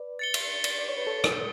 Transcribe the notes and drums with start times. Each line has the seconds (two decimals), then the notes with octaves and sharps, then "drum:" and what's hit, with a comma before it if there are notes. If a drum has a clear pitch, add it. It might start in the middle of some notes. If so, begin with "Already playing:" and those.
Already playing: B4 D5
0.19 A6 C#7 G7
0.34 drum: cymbal
0.64 drum: cymbal
0.78 D5
0.88 C#5
0.97 B4
1.07 A4 C#5
1.24 drum: rim click